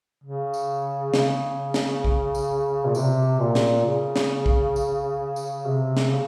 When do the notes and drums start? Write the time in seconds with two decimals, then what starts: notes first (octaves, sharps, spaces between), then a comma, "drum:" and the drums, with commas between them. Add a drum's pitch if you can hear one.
0.24 C#3
0.54 drum: tambourine
1.14 C#3, drum: snare
1.74 drum: snare
2.04 drum: kick
2.35 drum: tambourine
2.87 A#2
2.95 C3, drum: tambourine
3.40 A#2
3.55 drum: snare
3.85 C#3
4.16 drum: snare
4.46 drum: kick
4.76 drum: tambourine
5.36 drum: tambourine
5.66 C3
5.97 drum: snare
6.11 C#3